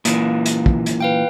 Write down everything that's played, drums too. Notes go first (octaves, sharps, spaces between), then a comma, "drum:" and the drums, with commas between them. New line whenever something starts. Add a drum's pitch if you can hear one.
A#2 E3 A#3, drum: hi-hat
drum: hi-hat
drum: kick
drum: hi-hat
B4 F5 G5